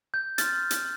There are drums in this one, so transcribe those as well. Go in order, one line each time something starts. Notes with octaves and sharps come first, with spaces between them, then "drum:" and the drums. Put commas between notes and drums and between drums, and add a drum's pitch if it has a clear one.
G6
C6 F6 A6, drum: hi-hat
drum: hi-hat